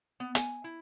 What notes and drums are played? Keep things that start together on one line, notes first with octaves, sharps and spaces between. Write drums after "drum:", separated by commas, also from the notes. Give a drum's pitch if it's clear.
B3
G#5, drum: hi-hat
E4